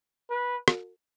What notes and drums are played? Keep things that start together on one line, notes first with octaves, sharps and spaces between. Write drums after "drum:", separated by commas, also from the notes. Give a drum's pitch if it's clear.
B4
drum: rim click